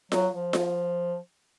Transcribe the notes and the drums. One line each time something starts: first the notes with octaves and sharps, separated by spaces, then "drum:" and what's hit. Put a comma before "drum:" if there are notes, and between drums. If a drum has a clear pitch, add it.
F#3, drum: snare F4
F3
drum: snare F4